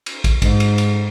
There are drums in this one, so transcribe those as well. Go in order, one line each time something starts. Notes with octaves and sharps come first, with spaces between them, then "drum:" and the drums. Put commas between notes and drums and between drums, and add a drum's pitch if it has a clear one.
drum: cymbal
drum: kick, cymbal
G#2, drum: kick, cymbal
drum: cymbal
drum: cymbal